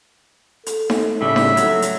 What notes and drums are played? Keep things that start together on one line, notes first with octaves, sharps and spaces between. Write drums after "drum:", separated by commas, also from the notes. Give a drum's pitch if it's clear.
A4, drum: hi-hat
drum: snare D#4
A2 C#3 G3 E5
drum: snare D#4
F#3 A3, drum: hi-hat
drum: hi-hat